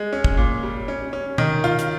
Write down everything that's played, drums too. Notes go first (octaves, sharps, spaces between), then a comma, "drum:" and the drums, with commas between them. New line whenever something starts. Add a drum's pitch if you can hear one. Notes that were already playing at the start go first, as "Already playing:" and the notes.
Already playing: G#3
C#4
drum: kick
A#2
G3
C#4
C#4
D#3, drum: tom
F4
drum: hi-hat